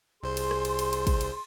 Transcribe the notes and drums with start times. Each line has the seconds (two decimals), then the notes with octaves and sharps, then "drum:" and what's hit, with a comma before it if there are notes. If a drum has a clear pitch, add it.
0.23 C2 G#4 C5 C6
0.37 drum: cymbal
0.51 drum: rim click
0.65 drum: cymbal
0.79 drum: cymbal
0.93 drum: cymbal
1.07 drum: kick, cymbal
1.21 drum: cymbal